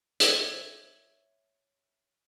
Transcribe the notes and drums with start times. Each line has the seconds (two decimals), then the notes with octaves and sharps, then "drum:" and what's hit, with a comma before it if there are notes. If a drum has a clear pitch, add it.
0.20 C#5 E5, drum: hi-hat